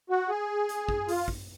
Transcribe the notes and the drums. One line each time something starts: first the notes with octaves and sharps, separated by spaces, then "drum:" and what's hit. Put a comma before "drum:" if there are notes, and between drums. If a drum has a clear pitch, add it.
F#4
G#4
drum: hi-hat
drum: kick
F4, drum: open hi-hat
drum: kick